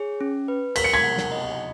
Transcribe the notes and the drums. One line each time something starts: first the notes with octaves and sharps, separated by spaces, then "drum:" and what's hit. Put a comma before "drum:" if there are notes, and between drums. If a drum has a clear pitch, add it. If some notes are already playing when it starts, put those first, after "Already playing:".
Already playing: G#4 C#5
C#4
B4
A#4 B6, drum: cymbal
C#7
G#6 B6
F#5
drum: snare
D#5